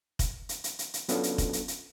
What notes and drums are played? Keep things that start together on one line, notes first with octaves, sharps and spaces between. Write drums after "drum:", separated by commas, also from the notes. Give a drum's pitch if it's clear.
drum: kick, hi-hat
drum: hi-hat
drum: hi-hat
drum: hi-hat
drum: hi-hat
F#3 B3 C#4 D4 F4 A4, drum: hi-hat
drum: hi-hat
drum: kick, hi-hat
drum: hi-hat
drum: hi-hat